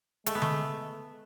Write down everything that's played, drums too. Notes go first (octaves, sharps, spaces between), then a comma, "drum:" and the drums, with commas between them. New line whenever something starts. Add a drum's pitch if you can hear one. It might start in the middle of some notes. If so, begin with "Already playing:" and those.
G#3 A3, drum: hi-hat
B3
A3, drum: tom D3